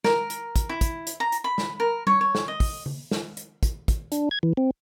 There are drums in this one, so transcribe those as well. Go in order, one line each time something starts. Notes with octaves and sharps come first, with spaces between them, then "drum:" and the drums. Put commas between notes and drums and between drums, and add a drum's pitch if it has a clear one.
A#4, drum: snare
drum: hi-hat
drum: kick, hi-hat
E4
drum: kick, hi-hat
drum: hi-hat
A#5
drum: hi-hat
B5
drum: snare
A#4
C#5, drum: tom G3
C#5
drum: snare
D#5
drum: kick, open hi-hat
drum: tom C#3
drum: snare
drum: hi-hat
drum: kick, hi-hat
drum: kick, hi-hat
D4, drum: hi-hat
G#6
E3
C4